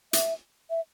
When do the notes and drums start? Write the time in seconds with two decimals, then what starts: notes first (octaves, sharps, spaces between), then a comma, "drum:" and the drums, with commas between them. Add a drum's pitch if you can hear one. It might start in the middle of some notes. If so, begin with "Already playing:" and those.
0.13 E5, drum: hi-hat
0.70 E5